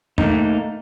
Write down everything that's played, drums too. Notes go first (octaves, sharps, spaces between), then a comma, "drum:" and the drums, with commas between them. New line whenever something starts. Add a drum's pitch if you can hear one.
A3 A#3 D#4, drum: tom